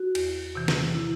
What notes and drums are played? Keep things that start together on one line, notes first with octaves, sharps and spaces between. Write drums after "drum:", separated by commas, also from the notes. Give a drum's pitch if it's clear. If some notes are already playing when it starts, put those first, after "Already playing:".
Already playing: F#4
E2, drum: cymbal
C3 E3
drum: snare
E4